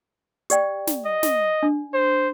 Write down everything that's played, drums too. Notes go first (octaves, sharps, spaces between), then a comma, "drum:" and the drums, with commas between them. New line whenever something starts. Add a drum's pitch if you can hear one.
G4 D5 G5, drum: hi-hat
drum: snare
D#5
drum: snare
D4
C5